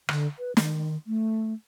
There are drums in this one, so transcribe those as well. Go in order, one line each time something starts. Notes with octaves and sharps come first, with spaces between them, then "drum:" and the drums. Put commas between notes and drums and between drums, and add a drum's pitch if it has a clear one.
D3, drum: rim click
B4
D#3, drum: snare
A3